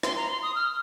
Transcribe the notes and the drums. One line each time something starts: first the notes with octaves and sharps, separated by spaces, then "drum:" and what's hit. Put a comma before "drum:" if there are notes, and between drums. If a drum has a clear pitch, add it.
C6, drum: rim click
A#5
C6
D#6
F6